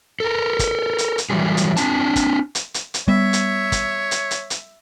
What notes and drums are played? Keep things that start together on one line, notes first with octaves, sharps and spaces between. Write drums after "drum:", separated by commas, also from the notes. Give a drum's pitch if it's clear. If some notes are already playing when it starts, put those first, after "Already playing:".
A4 A#4
drum: kick, hi-hat
drum: hi-hat
drum: hi-hat
E3 F#3 G3 G#4
drum: hi-hat
C4 D4 G#5 A5, drum: hi-hat
drum: kick, hi-hat
drum: hi-hat
drum: hi-hat
drum: hi-hat
G3 B3 C#5 E5
drum: hi-hat
drum: kick, hi-hat
drum: hi-hat
drum: hi-hat
drum: hi-hat